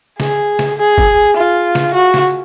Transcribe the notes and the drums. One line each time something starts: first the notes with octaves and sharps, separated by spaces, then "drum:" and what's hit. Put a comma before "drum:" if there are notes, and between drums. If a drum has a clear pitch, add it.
G#4, drum: snare C#3
drum: snare C#3
G#4
drum: kick
F4
drum: snare C#3
F#4
drum: snare C#3